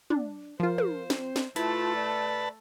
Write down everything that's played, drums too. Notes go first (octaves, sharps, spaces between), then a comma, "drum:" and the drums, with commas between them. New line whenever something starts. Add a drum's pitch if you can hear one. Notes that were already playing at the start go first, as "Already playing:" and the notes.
D4, drum: tom
F3 F4 A#4 C5
drum: tom
C4, drum: snare
drum: snare
A3 E4 F4 B4 A5, drum: hi-hat
D5